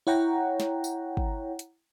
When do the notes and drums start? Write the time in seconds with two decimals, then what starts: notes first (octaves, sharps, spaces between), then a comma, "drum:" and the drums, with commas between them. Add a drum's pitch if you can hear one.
0.07 E4 C#5 F#5 G5 A#5
0.60 drum: snare
0.84 drum: tambourine
1.17 drum: kick
1.59 drum: hi-hat